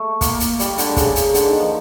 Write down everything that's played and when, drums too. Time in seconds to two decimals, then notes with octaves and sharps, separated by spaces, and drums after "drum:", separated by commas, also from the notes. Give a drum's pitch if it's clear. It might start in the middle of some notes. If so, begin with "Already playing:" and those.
Already playing: A3
0.21 A#3, drum: kick, hi-hat
0.40 drum: hi-hat
0.59 G3, drum: hi-hat
0.78 D3, drum: hi-hat
0.96 C#3, drum: kick, hi-hat
1.15 drum: hi-hat
1.34 D3, drum: hi-hat
1.46 D#3
1.60 F3